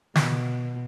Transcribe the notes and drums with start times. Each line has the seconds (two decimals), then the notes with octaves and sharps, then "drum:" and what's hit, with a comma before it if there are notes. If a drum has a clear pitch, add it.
0.15 B2, drum: snare